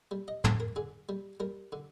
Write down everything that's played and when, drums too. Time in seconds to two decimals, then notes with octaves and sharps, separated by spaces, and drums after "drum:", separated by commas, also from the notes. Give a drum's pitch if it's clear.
0.11 G3
0.28 D#5
0.44 D3 C5, drum: tom
0.60 A#4
0.76 D3 G#4
1.09 G3
1.40 G3 A#4
1.72 D3